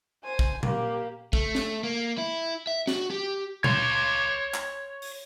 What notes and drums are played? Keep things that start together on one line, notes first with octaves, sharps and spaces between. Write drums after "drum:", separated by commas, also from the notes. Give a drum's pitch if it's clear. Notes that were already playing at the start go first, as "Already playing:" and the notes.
C5 G#5
drum: kick
A#3 G4, drum: tom A#2
A3, drum: kick
drum: snare
A#3
E4
E5
F#4, drum: snare
G4
C#5 C6, drum: tom A#2
drum: clap
drum: open hi-hat